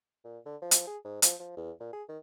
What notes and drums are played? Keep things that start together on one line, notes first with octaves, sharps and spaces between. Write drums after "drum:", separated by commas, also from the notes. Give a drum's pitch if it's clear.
A#2
D3
F3
drum: hi-hat
G#4
G#2
F3, drum: hi-hat
F3
E2
A#2
G#4
D#3